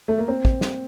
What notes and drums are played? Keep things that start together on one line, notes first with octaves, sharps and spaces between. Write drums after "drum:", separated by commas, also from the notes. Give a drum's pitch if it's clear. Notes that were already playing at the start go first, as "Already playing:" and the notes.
A3
A#3
C4
drum: kick
drum: snare